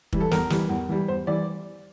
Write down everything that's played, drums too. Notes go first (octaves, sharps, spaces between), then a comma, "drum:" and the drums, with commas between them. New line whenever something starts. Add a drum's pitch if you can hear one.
E3 G3, drum: kick
A4
E2 A#4, drum: snare
E3 G3, drum: snare
E2
E3 G3
E2 C5
E3 G3 D5